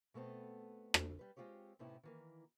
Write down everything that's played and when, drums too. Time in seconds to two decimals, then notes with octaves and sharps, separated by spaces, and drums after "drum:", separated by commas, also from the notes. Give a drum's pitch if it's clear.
0.14 B2 A3 B3 C4 A4
0.94 drum: rim click
1.19 G3 B4
1.37 G#3 A#3 C4 F4 G4 C#5
1.79 A2 C3 B3 C#4 D#4 E4
2.03 D#3 E3 A#3